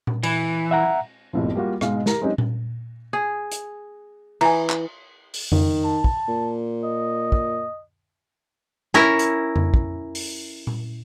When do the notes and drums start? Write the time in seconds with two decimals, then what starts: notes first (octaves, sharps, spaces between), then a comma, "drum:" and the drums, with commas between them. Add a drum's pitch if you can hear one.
0.07 drum: tom A#2
0.23 E3, drum: cymbal
0.71 E5 F#5 A#5
1.33 F#1 B1 A2 C3 F3
1.55 G3 A#3 F4 F#4
1.81 G#2 B2 G#3 F5, drum: rim click
2.06 G4 A#4 A#5, drum: snare
2.21 F#3 G#3 C4 C#4 D#4 G4
2.38 drum: tom A#2
3.13 G#4
3.52 drum: hi-hat
4.41 E3 G#5 A#5, drum: cymbal
4.70 drum: clap
5.34 drum: open hi-hat
5.52 D#3, drum: tom F2
5.84 A5
6.04 drum: kick
6.28 A#2
6.84 D#5
7.32 drum: kick
8.94 C#4 E4 A#4, drum: snare
9.19 drum: hi-hat
9.56 drum: tom F2
9.74 drum: kick
10.15 drum: open hi-hat
10.67 drum: tom A#2